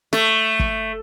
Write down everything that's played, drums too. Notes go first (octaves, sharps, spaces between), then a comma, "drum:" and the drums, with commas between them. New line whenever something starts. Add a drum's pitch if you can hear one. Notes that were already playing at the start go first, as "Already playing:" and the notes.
A3, drum: snare
drum: kick